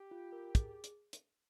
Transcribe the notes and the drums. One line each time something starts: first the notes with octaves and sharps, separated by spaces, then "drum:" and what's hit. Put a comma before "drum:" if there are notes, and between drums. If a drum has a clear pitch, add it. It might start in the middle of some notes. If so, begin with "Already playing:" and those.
Already playing: G4
F4
A#4
G#4, drum: kick, hi-hat
drum: hi-hat
drum: hi-hat